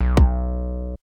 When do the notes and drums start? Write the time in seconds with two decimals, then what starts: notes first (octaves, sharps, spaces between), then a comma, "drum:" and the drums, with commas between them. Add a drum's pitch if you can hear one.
0.01 B1
0.17 drum: kick